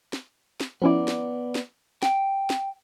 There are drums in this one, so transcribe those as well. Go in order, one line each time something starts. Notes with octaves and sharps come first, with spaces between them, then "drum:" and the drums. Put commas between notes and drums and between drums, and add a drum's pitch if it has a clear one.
drum: snare
drum: snare
F3 B3 C#4 E4 D5
drum: snare
drum: snare
G5, drum: snare
drum: snare